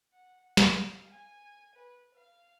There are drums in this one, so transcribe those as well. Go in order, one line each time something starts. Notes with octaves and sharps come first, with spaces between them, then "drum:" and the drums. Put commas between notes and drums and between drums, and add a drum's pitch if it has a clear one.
F#5
F5, drum: snare
G#5
B4
F5